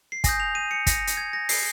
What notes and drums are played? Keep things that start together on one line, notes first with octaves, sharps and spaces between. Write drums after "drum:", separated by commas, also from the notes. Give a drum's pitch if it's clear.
C7
G#5 D#6 G6 A#6, drum: kick, hi-hat
F7
D#7
C#7
A#6, drum: kick, hi-hat
drum: hi-hat
G#6
A#6
C7, drum: open hi-hat